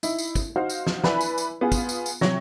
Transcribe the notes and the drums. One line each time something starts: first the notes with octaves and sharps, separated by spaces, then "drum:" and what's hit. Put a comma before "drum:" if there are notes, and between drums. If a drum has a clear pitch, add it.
D#4 E4, drum: tambourine
drum: tambourine
drum: kick, tambourine
D#4 F#4 C5 F5
drum: tambourine
drum: snare
E4 B4 D5 G#5 B5, drum: snare
drum: tambourine
drum: tambourine
B3 F4 G#4
drum: kick, tambourine
drum: tambourine
drum: tambourine
C3 F#3 C#5 A#6, drum: snare